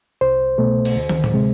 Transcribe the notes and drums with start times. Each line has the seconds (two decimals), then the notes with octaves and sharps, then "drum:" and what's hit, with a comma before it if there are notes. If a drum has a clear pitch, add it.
0.21 C2 C5
0.58 B2 A3
0.85 drum: cymbal
0.96 D2
1.09 drum: tom
1.24 drum: tom A2
1.34 C3 G#3